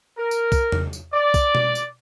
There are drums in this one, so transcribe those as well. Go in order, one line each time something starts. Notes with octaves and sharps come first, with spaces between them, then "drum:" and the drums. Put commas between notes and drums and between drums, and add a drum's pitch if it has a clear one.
A#4
drum: tambourine
drum: kick, tambourine
drum: tom E2
drum: tambourine
D5
drum: kick, tambourine
drum: tom B2
drum: tambourine